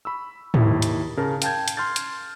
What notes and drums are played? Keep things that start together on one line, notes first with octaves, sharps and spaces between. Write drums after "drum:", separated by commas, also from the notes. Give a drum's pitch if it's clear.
B5 C#6 E6
D#2 D#3 E4, drum: tom G#2
drum: hi-hat
C#3 A#4 A5
F5 G5 A5 G6 G#6, drum: hi-hat
drum: hi-hat
C6 F6 G6 A6
drum: hi-hat